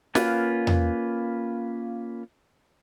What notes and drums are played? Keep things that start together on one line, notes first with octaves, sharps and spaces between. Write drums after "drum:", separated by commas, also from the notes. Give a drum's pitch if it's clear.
A#3 C#4 F4 B4 F#5, drum: snare
drum: tom E2